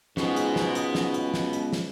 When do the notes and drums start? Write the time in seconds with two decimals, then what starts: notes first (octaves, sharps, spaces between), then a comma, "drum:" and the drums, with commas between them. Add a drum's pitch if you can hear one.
0.17 C#2 G#2 B3 F#4 G#4, drum: snare
0.36 drum: hi-hat
0.56 drum: snare
0.75 drum: hi-hat
0.95 drum: snare
1.14 drum: hi-hat
1.34 drum: snare
1.53 drum: hi-hat
1.73 drum: snare